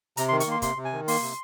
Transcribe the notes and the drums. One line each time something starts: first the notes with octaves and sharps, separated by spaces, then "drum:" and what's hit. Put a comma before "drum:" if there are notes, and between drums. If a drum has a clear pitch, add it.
C3 A#5, drum: hi-hat
C6
D#3
C#6, drum: hi-hat
A#3 C6
C3 C6, drum: kick, hi-hat
C3
G#5
D#3
A#3 C6, drum: open hi-hat
C3